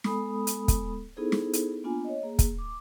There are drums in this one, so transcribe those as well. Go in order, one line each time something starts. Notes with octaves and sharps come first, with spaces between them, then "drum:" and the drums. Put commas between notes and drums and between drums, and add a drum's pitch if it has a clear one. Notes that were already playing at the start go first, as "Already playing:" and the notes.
G#3 B3 A4 B5 D#6, drum: snare
drum: hi-hat
drum: kick, hi-hat
B3 D#4 E4 G#4 A4 C5
drum: snare
drum: hi-hat
A#3 B3 D4 F4 G#5
C#5 D#5
A#3 G#4
drum: kick, hi-hat
D6